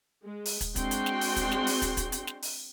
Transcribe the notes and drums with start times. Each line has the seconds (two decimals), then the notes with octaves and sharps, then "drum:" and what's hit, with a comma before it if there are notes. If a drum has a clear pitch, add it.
0.23 G#3
0.45 drum: open hi-hat
0.61 drum: kick, hi-hat
0.76 G#3 C4 D4 F#4 G5 C6, drum: kick, hi-hat
0.91 drum: hi-hat
1.06 drum: snare
1.21 drum: open hi-hat
1.36 drum: kick, hi-hat
1.52 drum: snare
1.67 drum: open hi-hat
1.82 drum: kick, hi-hat
1.97 drum: kick, hi-hat
2.12 drum: hi-hat
2.27 drum: snare
2.42 drum: open hi-hat